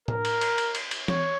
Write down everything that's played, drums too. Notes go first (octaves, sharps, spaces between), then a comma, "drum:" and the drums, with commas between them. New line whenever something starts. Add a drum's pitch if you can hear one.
A#4, drum: tom A2
drum: cymbal
drum: cymbal
drum: cymbal
drum: cymbal
drum: cymbal
C#5, drum: tom E3